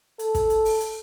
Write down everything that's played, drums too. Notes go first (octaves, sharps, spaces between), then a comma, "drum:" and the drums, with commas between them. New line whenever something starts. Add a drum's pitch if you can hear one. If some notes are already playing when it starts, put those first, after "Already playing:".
A4, drum: hi-hat
drum: kick, hi-hat
drum: hi-hat
drum: open hi-hat
drum: hi-hat